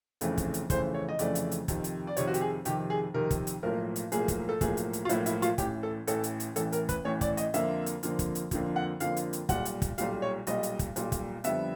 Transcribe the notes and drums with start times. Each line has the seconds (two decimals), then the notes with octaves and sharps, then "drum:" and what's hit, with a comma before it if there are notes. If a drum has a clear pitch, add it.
0.21 F1 F2 C#3 E3 A3, drum: hi-hat
0.38 drum: kick, hi-hat
0.54 drum: hi-hat
0.70 F1 F2 C#3 E3 A3 C5, drum: kick, hi-hat
0.94 C#5
1.09 D#5
1.19 F1 F2 C#3 E3 A3 D5, drum: hi-hat
1.35 drum: hi-hat
1.51 drum: hi-hat
1.68 F2 C3 D#3, drum: kick, hi-hat
1.84 drum: hi-hat
2.07 D5
2.17 F2 C3 D#3 C#5, drum: hi-hat
2.27 F#4
2.34 G4, drum: hi-hat
2.41 G#4
2.65 F2 C3 D#3 G4, drum: hi-hat
2.90 G#4
3.14 F2 C3 D#3 A#4
3.31 drum: kick, hi-hat
3.47 drum: hi-hat
3.63 B1 A2 F3 A#3 A#4
3.96 drum: hi-hat
4.12 B1 A2 F3 A#3 G#4, drum: hi-hat
4.28 drum: kick, hi-hat
4.49 A4
4.61 B1 A2 F3 A#3 G#4, drum: kick, hi-hat
4.77 drum: hi-hat
4.93 drum: hi-hat
5.05 F4
5.09 B1 A2 F3 A#3 E4, drum: hi-hat
5.26 E4, drum: hi-hat
5.42 F4, drum: hi-hat
5.58 A1 A2 E3 G4, drum: kick, hi-hat
5.83 A4
6.07 A1 A2 E3 A4, drum: hi-hat
6.24 drum: hi-hat
6.40 drum: hi-hat
6.56 A1 A2 E3 A4, drum: hi-hat
6.72 A#4, drum: hi-hat
6.89 B4, drum: kick, hi-hat
7.05 A1 A2 E3 C#5
7.21 D5, drum: kick, hi-hat
7.37 D#5, drum: hi-hat
7.54 F2 D3 F3 A#3 E5, drum: hi-hat
7.86 drum: hi-hat
8.03 F2 D3 F3 A#3, drum: hi-hat
8.19 drum: kick, hi-hat
8.35 drum: hi-hat
8.51 F2 D3 F3 A#3, drum: kick, hi-hat
8.76 F#5
9.00 F2 D3 F3 A#3 F5, drum: hi-hat
9.17 drum: hi-hat
9.33 drum: hi-hat
9.49 B1 A#2 G3 F#5, drum: kick, hi-hat
9.65 drum: hi-hat
9.82 drum: kick, hi-hat
9.98 B1 A#2 G3 F5, drum: hi-hat
10.22 C#5
10.47 B1 A#2 G3 D#5, drum: hi-hat
10.63 drum: hi-hat
10.79 drum: kick, hi-hat
10.96 B1 A#2 G3, drum: hi-hat
11.12 drum: kick, hi-hat
11.44 F2 D3 G3 B3 E5, drum: hi-hat